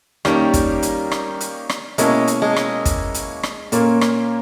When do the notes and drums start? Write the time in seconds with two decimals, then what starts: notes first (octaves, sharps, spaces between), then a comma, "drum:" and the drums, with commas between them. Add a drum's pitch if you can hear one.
0.25 D#3 G3 A#3 C#4 G4, drum: rim click
0.54 drum: kick, hi-hat
0.83 drum: hi-hat
1.12 drum: rim click
1.40 drum: hi-hat
1.69 drum: rim click
1.98 B2 G#3 A#3 C#4 E4, drum: hi-hat
2.27 drum: hi-hat
2.42 G#3
2.56 drum: rim click
2.85 drum: kick, hi-hat
3.14 drum: hi-hat
3.43 drum: rim click
3.72 A#2 A#3 C#4, drum: hi-hat
4.01 drum: rim click